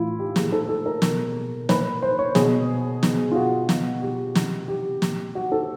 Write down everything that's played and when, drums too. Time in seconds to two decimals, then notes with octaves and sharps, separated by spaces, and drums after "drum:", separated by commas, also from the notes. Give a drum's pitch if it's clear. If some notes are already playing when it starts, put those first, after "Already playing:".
Already playing: A2 E3 E4 F4
0.19 G4
0.36 A#2 G#4, drum: snare
0.52 A4
0.69 A4
0.86 A#4
1.02 B2, drum: snare
1.69 A#2 B4, drum: snare
2.02 C5
2.19 C#5
2.35 B2 G#4, drum: snare
3.03 B2, drum: snare
3.32 F4
3.36 F#4
3.69 B2, drum: snare
4.02 G4
4.35 C3 E3, drum: snare
4.68 G4
5.02 A#2, drum: snare
5.35 F#4
5.52 A4